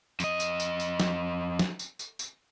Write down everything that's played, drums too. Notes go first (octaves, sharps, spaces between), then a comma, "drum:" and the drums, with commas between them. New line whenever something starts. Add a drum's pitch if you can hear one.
F2 D#5, drum: tambourine
drum: tambourine
drum: tambourine
drum: tambourine
drum: snare
drum: snare
drum: tambourine
drum: tambourine
drum: tambourine